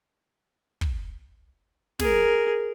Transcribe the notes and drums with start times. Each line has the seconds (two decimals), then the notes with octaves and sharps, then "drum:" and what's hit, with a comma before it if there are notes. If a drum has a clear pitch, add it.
0.81 drum: kick
2.00 G#4 A#4, drum: snare